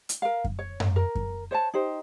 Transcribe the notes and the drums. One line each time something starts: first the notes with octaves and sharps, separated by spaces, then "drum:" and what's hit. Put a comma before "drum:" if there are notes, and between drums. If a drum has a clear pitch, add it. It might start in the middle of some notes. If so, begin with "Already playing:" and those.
drum: hi-hat
A#4 F5
drum: kick F#2
C#5
drum: tom F#2
A#4
drum: kick F#2
C5 C#5 E5 A5
D#4 G4 C5